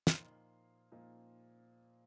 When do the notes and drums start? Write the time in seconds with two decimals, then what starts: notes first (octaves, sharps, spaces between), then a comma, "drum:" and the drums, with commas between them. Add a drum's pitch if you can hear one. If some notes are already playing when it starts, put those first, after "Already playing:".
0.07 A#2 F3 A#3 D#4 C6, drum: snare
0.92 A#2 F3 A#3 D#4